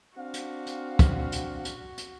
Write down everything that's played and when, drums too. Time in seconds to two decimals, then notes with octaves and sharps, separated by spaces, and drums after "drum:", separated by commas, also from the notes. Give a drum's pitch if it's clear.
0.17 C4 D4 F#4 F5
0.34 drum: hi-hat
0.66 drum: hi-hat
0.99 drum: kick, hi-hat
1.32 drum: hi-hat
1.65 drum: hi-hat
1.98 drum: hi-hat